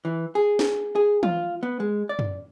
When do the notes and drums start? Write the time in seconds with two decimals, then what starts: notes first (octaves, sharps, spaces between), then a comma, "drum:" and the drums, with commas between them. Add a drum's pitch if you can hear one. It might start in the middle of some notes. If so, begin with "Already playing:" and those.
0.05 E3
0.35 G#4
0.59 drum: snare
0.95 G#4
1.23 F4, drum: tom E3
1.63 B3
1.80 G#3
2.09 D5
2.19 drum: tom F#2